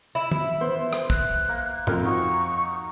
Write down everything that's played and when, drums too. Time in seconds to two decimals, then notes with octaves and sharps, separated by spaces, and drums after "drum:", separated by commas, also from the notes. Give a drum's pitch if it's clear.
0.15 E4
0.31 drum: tom
0.61 B3 C5
0.93 drum: rim click
1.10 F#6, drum: kick
1.49 A#3
1.87 F2 A#4, drum: tom
2.05 D#4 F#4 C#6